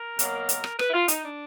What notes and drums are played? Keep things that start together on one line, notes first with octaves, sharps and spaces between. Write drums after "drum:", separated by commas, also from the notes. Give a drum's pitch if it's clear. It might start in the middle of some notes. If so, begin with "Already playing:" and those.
Already playing: A#4
B2 F#3 A#3, drum: hi-hat
drum: hi-hat
drum: rim click
B4, drum: rim click
E4
F4
D#4, drum: hi-hat
D4